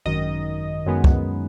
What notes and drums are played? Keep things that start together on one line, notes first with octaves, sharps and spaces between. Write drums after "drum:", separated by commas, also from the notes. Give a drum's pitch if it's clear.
G#1 F#2 D#3 D#5
F#2 D#3 G#3 B3
drum: kick